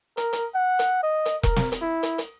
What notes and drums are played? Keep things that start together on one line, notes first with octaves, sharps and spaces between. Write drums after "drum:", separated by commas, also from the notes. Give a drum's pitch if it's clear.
A#4, drum: hi-hat
drum: hi-hat
F#5
drum: hi-hat
D#5
drum: hi-hat
A#4, drum: kick E1, hi-hat
drum: snare
drum: hi-hat
E4
drum: hi-hat
drum: hi-hat